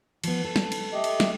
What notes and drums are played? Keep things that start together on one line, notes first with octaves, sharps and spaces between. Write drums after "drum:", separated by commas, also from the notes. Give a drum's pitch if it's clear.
F3 B3, drum: cymbal
A4
drum: snare
drum: cymbal
A3 G4 D#5
drum: cymbal
drum: snare